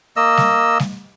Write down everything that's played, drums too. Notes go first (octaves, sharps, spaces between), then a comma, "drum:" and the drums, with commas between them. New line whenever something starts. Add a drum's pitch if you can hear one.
A#3 D#5 E6
drum: snare G3
drum: snare G3